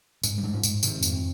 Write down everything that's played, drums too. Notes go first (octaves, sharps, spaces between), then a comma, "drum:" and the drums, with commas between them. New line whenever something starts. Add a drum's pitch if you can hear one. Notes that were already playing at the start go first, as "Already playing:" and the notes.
G#2 G#3, drum: tambourine
G3
G#2
F3
G#2, drum: tambourine
C3 D#3, drum: tambourine
F2, drum: tambourine